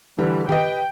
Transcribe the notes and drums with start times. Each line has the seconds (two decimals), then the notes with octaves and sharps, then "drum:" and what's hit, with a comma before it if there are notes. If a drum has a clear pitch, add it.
0.18 D3 E3 G3
0.49 G4 B4 D#5 G5, drum: tom D#3